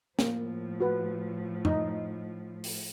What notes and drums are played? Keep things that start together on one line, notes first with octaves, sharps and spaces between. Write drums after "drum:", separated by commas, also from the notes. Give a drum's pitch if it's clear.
A2 F3 A#3, drum: snare
F#4 B4
D#4 D#5, drum: tom F2
drum: open hi-hat